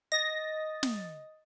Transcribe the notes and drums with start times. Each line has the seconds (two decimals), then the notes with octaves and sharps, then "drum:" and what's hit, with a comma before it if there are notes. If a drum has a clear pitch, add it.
0.12 D#5 D#6 A6 A#6
0.83 drum: snare